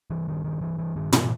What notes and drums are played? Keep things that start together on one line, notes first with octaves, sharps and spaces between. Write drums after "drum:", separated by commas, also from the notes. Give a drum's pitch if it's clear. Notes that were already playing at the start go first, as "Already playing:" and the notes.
G2 E3
G2 D#3
G2 D#3
G2 E3
G2 E3
G2 D#3
C3 E3, drum: tom